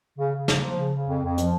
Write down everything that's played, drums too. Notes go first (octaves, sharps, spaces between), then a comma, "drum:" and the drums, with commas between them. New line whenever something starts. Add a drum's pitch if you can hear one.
C#3
C#3
A#3, drum: snare
F3
C#3
C#3
F2
F2
F3, drum: hi-hat